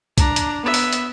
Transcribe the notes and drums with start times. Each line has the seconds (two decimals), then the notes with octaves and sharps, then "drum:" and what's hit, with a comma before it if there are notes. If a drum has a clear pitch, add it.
0.18 D4 A#5, drum: kick C2, hi-hat
0.36 drum: hi-hat
0.63 B3 E5
0.74 drum: open hi-hat
0.93 drum: hi-hat